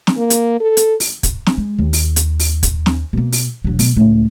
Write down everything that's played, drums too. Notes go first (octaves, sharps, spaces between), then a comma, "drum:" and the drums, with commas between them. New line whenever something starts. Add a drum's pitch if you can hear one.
drum: snare
A#3
drum: hi-hat
A4
drum: hi-hat
drum: open hi-hat
drum: kick, hi-hat
drum: snare
G#3
D#2
drum: open hi-hat
drum: hi-hat
drum: open hi-hat
drum: kick, hi-hat
drum: snare
B2 A#3
drum: open hi-hat
E1 F#3
B2, drum: open hi-hat
C#2 A2